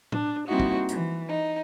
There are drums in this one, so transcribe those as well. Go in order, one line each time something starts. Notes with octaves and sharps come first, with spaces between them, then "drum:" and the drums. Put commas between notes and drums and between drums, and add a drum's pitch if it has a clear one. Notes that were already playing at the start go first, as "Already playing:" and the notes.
D4, drum: tom
G3 A#3 C4 D#4 E4 F#4
drum: kick
E3, drum: hi-hat
D#4